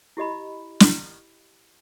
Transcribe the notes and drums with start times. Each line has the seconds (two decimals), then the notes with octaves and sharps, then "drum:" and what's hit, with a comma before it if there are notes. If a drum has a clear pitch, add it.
0.17 E4 G4 D#5 B5
0.80 drum: snare